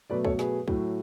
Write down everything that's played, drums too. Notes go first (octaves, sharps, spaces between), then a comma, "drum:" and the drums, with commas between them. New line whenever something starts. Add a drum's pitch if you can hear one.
B2 F#3 A3 B4 D5
A4 C#5, drum: kick
G#4 B4, drum: snare
A2 F#3 A3, drum: kick